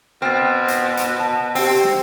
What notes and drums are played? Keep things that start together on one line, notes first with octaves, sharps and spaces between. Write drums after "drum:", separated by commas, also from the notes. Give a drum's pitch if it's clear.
B2 C4 F6 A6
drum: hi-hat
drum: hi-hat
A5
C4 G4 E6, drum: open hi-hat
drum: snare